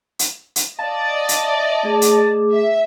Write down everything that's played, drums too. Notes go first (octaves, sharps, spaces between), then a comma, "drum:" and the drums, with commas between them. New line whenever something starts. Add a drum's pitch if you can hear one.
drum: hi-hat
drum: hi-hat
D5 D#5 F5 A5
drum: hi-hat
E5
A3 G#4 D6
drum: hi-hat
E5